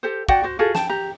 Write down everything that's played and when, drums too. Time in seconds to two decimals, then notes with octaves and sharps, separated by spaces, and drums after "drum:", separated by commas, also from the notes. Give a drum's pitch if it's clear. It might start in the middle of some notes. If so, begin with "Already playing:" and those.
0.03 G4 A4 C5
0.29 F#4 D5 F#5 G5, drum: kick
0.44 F#4 C5
0.59 F4 F#4 G#4 A4
0.75 G5 A5, drum: snare
0.89 G4 A#5